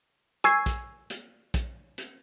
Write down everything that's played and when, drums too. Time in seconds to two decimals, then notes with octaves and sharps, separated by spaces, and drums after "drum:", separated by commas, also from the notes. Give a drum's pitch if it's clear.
0.44 G#5 C#6 E6 G#6 C7, drum: rim click
0.66 drum: kick, hi-hat
1.10 drum: hi-hat
1.54 drum: kick, hi-hat
1.98 drum: hi-hat